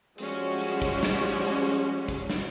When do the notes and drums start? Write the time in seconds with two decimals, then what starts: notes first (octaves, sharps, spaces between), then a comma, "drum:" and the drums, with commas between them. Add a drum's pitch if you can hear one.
0.18 F3 G3 G#3 C#4 F#4, drum: hi-hat
0.60 drum: hi-hat
0.82 drum: kick, hi-hat
1.03 drum: snare
1.24 drum: hi-hat
1.45 drum: hi-hat
1.66 drum: hi-hat
2.08 drum: kick, hi-hat
2.30 drum: snare